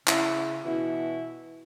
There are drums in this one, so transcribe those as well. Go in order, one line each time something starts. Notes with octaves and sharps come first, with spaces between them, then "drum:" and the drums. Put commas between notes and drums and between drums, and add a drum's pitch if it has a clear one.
C#3 E4, drum: clap
B2 E3 E4 F#4